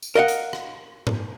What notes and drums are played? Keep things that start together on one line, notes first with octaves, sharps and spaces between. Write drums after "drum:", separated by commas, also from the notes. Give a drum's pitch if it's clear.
drum: tambourine
A#4 D#5 F5 F#5
drum: hi-hat
drum: rim click
drum: tom G#2